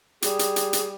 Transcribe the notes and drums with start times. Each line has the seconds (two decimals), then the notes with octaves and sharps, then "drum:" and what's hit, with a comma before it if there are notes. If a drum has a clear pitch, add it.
0.22 G3 G#4, drum: hi-hat
0.39 drum: hi-hat
0.56 drum: hi-hat
0.73 drum: hi-hat